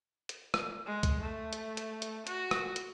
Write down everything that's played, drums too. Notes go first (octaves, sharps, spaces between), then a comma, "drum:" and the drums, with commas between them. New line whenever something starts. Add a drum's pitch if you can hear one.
drum: hi-hat
drum: rim click
G#3
drum: kick C2, hi-hat
A3
drum: hi-hat
drum: hi-hat
drum: hi-hat
F#4, drum: hi-hat
drum: rim click
drum: hi-hat